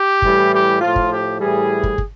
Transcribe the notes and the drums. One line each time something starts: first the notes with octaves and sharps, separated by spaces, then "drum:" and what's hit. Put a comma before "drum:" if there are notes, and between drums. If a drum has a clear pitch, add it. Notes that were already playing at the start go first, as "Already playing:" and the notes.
Already playing: G4
A2 E3 G3, drum: kick
G4
A2 F3 F4
drum: kick
G4
A2 E3 G3 G#4
drum: kick
drum: kick